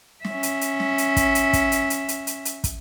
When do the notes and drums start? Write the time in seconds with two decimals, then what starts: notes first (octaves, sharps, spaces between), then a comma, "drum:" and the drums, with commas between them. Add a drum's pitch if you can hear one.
0.25 C#4 E5, drum: snare
0.43 drum: hi-hat
0.61 drum: hi-hat
0.80 drum: snare
0.98 drum: hi-hat
1.17 drum: kick, hi-hat
1.35 drum: hi-hat
1.53 drum: kick, hi-hat
1.72 drum: hi-hat
1.90 drum: hi-hat
2.08 drum: hi-hat
2.27 drum: hi-hat
2.45 drum: hi-hat
2.64 drum: kick, hi-hat